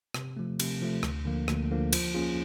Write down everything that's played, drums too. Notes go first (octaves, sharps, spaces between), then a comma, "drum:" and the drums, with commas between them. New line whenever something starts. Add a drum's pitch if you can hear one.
C3, drum: rim click
F3 A3
C3, drum: cymbal
F3 A3
D2, drum: rim click
D3 F3 A#3
D2, drum: rim click
D3 F3 A#3
F3, drum: cymbal
A#3 C#4 F4 G#4